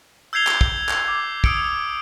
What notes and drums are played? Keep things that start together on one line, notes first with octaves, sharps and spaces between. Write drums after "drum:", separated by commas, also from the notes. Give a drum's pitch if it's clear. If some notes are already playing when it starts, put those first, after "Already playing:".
E6 G6 G#6 C7 F7 G7
drum: clap
drum: kick
drum: clap
D6
D#6 E6 C#7 D7, drum: kick